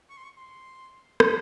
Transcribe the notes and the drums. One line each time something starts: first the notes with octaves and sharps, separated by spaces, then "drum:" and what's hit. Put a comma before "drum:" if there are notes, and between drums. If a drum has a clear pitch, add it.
C#6
C6
C#6
C6
drum: rim click